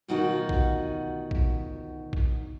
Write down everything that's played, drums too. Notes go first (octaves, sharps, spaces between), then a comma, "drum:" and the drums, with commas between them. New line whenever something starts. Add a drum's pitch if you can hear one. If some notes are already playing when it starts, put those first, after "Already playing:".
D2 B2 D#3 D#4 F4 F#4
drum: kick A#1
drum: kick A#1
drum: kick A#1